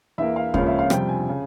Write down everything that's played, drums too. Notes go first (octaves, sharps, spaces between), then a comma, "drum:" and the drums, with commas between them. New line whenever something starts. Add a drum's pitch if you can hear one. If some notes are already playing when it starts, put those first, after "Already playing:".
E2 E3 A#3 E5
F5
C#2 C#3 F3 A#3 C#4 F5, drum: kick
E5
F5
F2 C3 G3 G5, drum: rim click
G#5
C#3